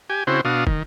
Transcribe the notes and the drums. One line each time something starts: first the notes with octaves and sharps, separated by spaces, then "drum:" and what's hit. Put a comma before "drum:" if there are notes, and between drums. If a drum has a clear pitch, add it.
G4 G#5
C#3 C4 E4 F#4 C5
B2 D4 F#4 F5 D#6
D#3, drum: kick